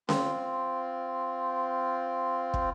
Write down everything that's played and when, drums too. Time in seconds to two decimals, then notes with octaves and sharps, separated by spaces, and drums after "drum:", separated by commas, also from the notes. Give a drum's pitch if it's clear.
0.09 C4 F4, drum: snare C#4
2.54 drum: kick